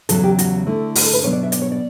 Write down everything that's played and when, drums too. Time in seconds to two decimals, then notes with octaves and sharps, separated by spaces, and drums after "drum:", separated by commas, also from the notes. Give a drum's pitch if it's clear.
0.09 E2 C#3 F#3 A4, drum: hi-hat
0.24 G4
0.39 F#4, drum: hi-hat
0.66 D3 A3 E4
0.95 F#4, drum: open hi-hat
1.05 A4
1.14 B4
1.24 B2 F#3 B3 D4 C#5
1.33 D5
1.43 E5
1.52 D5, drum: hi-hat
1.62 C#5
1.72 D5